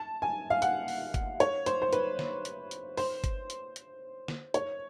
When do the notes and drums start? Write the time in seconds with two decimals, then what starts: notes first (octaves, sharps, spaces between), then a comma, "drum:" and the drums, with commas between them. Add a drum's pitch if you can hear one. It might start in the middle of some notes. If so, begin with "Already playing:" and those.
Already playing: A5
0.22 G#5
0.50 F5
0.62 F#5, drum: hi-hat
0.88 drum: open hi-hat
1.14 drum: kick G1, hi-hat
1.40 C#5, drum: hi-hat
1.66 C5, drum: hi-hat
1.82 C5
1.93 B4, drum: hi-hat
2.19 drum: snare
2.45 drum: hi-hat
2.71 drum: hi-hat
2.97 C5, drum: open hi-hat
3.24 drum: kick G1, hi-hat
3.50 drum: hi-hat
3.76 drum: hi-hat
4.28 drum: snare
4.54 C#5, drum: hi-hat